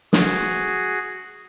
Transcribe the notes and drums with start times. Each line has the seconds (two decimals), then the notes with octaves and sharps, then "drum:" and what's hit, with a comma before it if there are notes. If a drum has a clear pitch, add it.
0.13 F#4 G#4, drum: snare